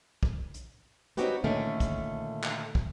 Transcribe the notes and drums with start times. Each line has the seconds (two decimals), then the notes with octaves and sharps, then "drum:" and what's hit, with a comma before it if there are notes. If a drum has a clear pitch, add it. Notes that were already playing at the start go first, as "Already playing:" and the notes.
0.23 drum: kick
0.54 drum: hi-hat
1.17 C4 C#4 D#4 F#4 G4 B4, drum: hi-hat
1.44 A#2 D3 D#3 A3 C#4
1.80 drum: kick, hi-hat
2.43 drum: clap
2.75 drum: kick